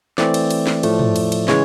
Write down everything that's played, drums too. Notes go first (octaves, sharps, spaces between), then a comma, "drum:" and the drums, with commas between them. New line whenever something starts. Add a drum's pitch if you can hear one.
E3 A3 C4 D5, drum: snare
drum: cymbal
drum: cymbal
drum: snare
A2 F3 A3, drum: cymbal
drum: tom
drum: cymbal
drum: cymbal
C#3 E3 G#3 C#5, drum: snare